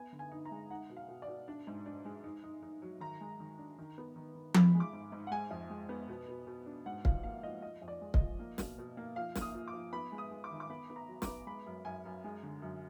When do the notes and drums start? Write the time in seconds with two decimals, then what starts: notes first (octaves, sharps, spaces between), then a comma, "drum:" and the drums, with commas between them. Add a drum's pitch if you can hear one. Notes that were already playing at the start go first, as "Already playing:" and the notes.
Already playing: B3 G#5
0.13 D3
0.19 G#5
0.32 D#4
0.45 A#5
0.51 G#3
0.70 D#4 F#5
0.90 B2
0.96 F5
1.08 B2
1.22 D5
1.28 B2
1.48 D4
1.67 G#2
1.86 D4
2.05 G#3
2.24 D#4
2.44 D#4
2.62 D#4
2.82 F#3
3.01 D#3 A#5
3.21 G#3
3.40 D#3
3.58 D4
3.79 D#3
3.98 B3
4.16 D#3
4.35 D#3
4.54 F3 B5, drum: tom F3
4.74 G#3
4.80 D6
4.93 G#2
5.12 G#2
5.27 F#5
5.31 G#3 G#5
5.51 F2
5.70 G#3
5.89 B3
6.08 B2
6.28 B2
6.47 B2
6.66 D4
6.86 G#2 F#5
7.05 F3 F5, drum: kick
7.23 A#3 F5
7.43 F3 D#5
7.62 F3 D#5
7.82 F2
7.88 D5
8.01 G#3
8.14 D#5, drum: kick
8.20 F3
8.39 A#3
8.58 B2, drum: snare
8.78 B2
8.97 A#3
9.16 F3 F5
9.36 A#3, drum: snare
9.41 D#6
9.54 F3
9.68 D6
9.74 F3
9.93 B3 B5
10.12 G#3
10.18 D#6
10.31 G#3
10.44 D6
10.51 D#3
10.60 D6
10.69 B3 B5
10.90 B3
10.96 A#5
11.08 F#3
11.22 D6, drum: snare
11.28 B3
11.47 G#3 B5
11.66 F#2
11.85 F#2 G#5
12.05 F#2
12.24 G#3
12.43 D3
12.62 F#2